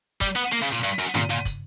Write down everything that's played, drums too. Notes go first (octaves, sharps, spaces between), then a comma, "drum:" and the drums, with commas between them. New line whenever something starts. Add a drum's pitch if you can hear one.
G3, drum: kick, hi-hat
B3
A#3
C#3
A#2
G2, drum: hi-hat
F#2
A#2, drum: tom
A#2
drum: kick, hi-hat